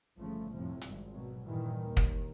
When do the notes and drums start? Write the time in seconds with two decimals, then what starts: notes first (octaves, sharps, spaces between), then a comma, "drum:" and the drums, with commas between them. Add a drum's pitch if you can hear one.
0.18 G1 C#3 F3 A3
0.51 F2 A2 C3 F3
0.82 G#1 G2, drum: hi-hat
1.13 B2 F#3
1.46 G2 A#2 D#3 E3 G3
1.80 D#2 D#3
1.97 drum: kick